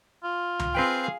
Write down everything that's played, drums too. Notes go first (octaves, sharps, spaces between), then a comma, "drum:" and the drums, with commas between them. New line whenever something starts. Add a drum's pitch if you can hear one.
F4
drum: tom C#2
C4 G#4 B4 F5 G5